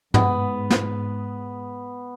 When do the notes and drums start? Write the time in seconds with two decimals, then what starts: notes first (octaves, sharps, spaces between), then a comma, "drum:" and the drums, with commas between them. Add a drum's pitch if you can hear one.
0.14 G#2 B3, drum: tom G#2
0.70 drum: snare